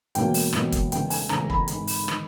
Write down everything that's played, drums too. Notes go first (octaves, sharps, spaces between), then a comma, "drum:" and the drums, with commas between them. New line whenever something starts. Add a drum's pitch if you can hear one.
E1 E2 B2 F#3 A#3 G5, drum: hi-hat
drum: open hi-hat
E1 E2 B2 F#3 A#3, drum: rim click
drum: kick, hi-hat
E1 E2 C#3 G5, drum: hi-hat
G#5, drum: open hi-hat
E1 E2 C#3 A#5, drum: rim click
B5, drum: kick
G#1 G#2 D#3, drum: hi-hat
drum: open hi-hat
D#3, drum: rim click